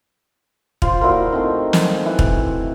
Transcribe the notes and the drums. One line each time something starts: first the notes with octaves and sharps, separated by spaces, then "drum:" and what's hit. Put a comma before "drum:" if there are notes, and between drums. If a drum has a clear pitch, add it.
F4 C5, drum: kick
A#2 E4 F#4 A#4
A3 C4 D#4
drum: snare
E3
drum: kick